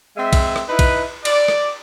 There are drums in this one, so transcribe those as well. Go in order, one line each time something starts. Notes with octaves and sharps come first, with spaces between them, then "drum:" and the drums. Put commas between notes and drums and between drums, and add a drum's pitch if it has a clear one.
G#3 C4 E5
drum: kick, cymbal
drum: rim click
D#4 E4 B4
drum: kick, cymbal
D5, drum: cymbal
drum: rim click